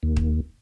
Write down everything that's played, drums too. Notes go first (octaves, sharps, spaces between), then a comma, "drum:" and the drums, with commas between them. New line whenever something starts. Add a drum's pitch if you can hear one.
D#2
drum: kick